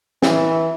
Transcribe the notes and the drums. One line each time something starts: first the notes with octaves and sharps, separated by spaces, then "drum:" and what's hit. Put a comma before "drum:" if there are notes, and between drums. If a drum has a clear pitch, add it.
E3, drum: snare